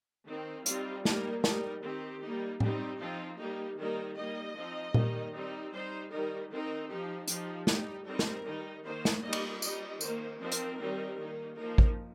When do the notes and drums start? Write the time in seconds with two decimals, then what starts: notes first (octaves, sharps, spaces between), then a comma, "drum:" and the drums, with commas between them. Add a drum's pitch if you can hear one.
0.27 D#3 C4 D#4
0.66 G3 C4 D#4 F4, drum: hi-hat
1.05 G3 A#3 D#4 A#4, drum: snare
1.44 G3 D#4 A#4, drum: snare
1.83 D#3 C4 D#4 G4
2.22 G3 A#3 D#4
2.60 G3 C4 D#4 G4, drum: tom A2
2.99 F3 C4 D#4 F4
3.39 G3 A#3 D#4 G4
3.77 D#3 G3 A#3 D#4 A#4
4.16 G3 A#3 D#4 D#5
4.56 F3 C4 D#4
4.94 D#3 G3 A#3 D#4, drum: tom A#2
5.33 G3 C4 D#4
5.72 G3 D#4 C5
6.11 D#3 G3 D#4 A#4
6.50 D#3 C4 D#4 A#4
6.89 F3 D#4 G4
7.28 F3 D#4 G4, drum: hi-hat
7.67 G3 D#4 G4, drum: snare
8.06 G3 C4 D#4 A#4
8.19 drum: snare
8.45 D#3 G3 D#4
8.84 D#3 A#3 D#4 C5
9.05 drum: snare
9.23 G3 A#3 D#4 D#5
9.33 drum: cymbal
9.62 G3 D#4 D#5, drum: tambourine
10.01 D#3 A#3 D#4 C5, drum: tambourine
10.39 F3 C4 D#4 A#4
10.52 drum: hi-hat
10.78 D#3 G3 C4 D#4
11.17 D#3 A#3 D#4
11.57 F3 A#3 D#4 A#4
11.78 drum: kick A1